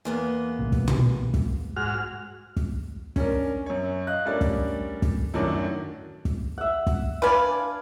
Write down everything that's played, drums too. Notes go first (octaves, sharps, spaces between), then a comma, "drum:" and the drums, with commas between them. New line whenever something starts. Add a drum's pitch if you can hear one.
E2 A#3 B3
B1 A2 C3
drum: kick
drum: tom
drum: kick
G#2 F#4 F6
drum: kick
C#4 D4 A#4, drum: kick
F#2 C#5
D#5 F5 F#6
G3 A3 C#4 D4 A#4 D5
drum: kick
drum: kick
F#2 A2 D#3 D4 F#4 D6
drum: kick
E5 F#5
drum: kick
D4 B4 D5 F5 G#5